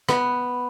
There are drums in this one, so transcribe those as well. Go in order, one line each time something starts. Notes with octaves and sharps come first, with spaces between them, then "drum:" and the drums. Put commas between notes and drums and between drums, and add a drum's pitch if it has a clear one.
B3, drum: rim click